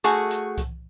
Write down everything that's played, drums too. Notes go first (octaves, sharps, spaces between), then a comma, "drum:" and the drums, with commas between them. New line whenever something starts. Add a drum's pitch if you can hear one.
A3 F#4 G#4, drum: hi-hat
drum: hi-hat
drum: kick C2, hi-hat